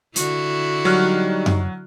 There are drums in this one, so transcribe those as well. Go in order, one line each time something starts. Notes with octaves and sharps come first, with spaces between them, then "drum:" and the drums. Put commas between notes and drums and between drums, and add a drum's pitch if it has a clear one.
D3 E4 F#4, drum: hi-hat
F#3 G3 D#4 F6 F#6
drum: tom F#2